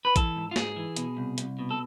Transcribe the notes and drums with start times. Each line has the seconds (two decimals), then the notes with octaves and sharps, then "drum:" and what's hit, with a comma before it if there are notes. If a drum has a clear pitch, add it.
0.05 B4
0.16 E3 A4, drum: kick A1, hi-hat
0.36 G#2
0.51 F4
0.56 G#2 G#4, drum: snare
0.76 E3
0.97 B2, drum: hi-hat
1.17 C2
1.38 C2, drum: hi-hat
1.59 B2
1.71 A4